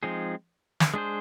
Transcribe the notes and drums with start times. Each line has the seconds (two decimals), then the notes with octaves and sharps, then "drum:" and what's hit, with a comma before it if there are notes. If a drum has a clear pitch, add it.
0.03 F3 G#3 C4 D#4 G#4
0.80 drum: snare
0.94 G#3 D4 G#4 C5